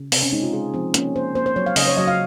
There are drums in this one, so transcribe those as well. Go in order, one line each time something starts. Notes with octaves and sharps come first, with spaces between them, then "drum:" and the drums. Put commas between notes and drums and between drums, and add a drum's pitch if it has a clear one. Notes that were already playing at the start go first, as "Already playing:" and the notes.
Already playing: C#3
C3 C4, drum: open hi-hat
C#4
G#3 D#4
F4
G#3 G#4
F3 C4
A#3 C#4, drum: hi-hat
A#3 C5
A#3 C5
C5
F#3 C#5
F5
C#3 D#5, drum: open hi-hat
C#5
F#3 D#5
F5